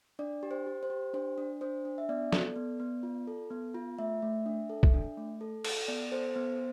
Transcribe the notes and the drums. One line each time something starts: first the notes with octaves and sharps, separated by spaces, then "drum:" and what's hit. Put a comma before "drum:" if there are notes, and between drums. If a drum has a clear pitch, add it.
D4 D5
G4
C5
G4
C5
G4
D4 C5
D4
D4 C5
D4
E5
B3 D5
A4, drum: snare
B3
B3
F4
A4
B3
F4
A3 E5
A3
D4
A4
drum: kick
D4
A3
A4
A4, drum: cymbal
B3 D5
A4 C5
B3 C5